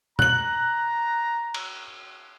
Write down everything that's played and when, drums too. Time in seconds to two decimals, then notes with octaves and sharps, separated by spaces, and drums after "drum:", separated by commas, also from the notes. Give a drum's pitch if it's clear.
0.19 A#5 F#6 F#7, drum: tom B2
1.54 drum: cymbal